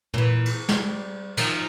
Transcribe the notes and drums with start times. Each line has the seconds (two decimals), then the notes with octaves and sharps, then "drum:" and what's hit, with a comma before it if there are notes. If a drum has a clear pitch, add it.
0.14 A#2 E3, drum: tom
0.46 drum: cymbal
0.69 G3, drum: snare
1.37 D#3 F3, drum: cymbal